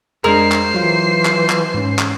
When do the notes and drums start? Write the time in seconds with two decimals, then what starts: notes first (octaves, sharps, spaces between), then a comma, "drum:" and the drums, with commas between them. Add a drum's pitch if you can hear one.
0.24 F2 G#3 D4 G#4 A#4 C5 A#5 C7
0.52 drum: clap
0.74 E3 F#3 F4
1.25 drum: clap
1.50 drum: clap
1.74 G#2 C#4
1.99 drum: clap